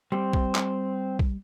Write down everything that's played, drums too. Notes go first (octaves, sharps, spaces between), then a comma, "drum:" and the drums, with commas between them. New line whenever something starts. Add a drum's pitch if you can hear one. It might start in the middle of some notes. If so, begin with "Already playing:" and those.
G3 C4
drum: kick A#1
drum: clap
drum: kick A#1